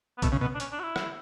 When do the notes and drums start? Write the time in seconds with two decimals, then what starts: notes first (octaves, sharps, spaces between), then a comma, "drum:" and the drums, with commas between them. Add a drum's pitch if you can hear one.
0.18 B3
0.22 B2 A3, drum: kick B1, hi-hat
0.32 C#3
0.41 B2 B3
0.54 D4
0.60 C#4, drum: hi-hat
0.72 D4
0.79 F#4
0.83 E4
0.96 drum: rim click